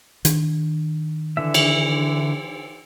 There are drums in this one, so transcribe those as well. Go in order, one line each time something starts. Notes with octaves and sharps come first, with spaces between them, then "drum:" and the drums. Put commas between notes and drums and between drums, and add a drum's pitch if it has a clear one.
D#3 D4, drum: hi-hat
D3 E3 E5
drum: cymbal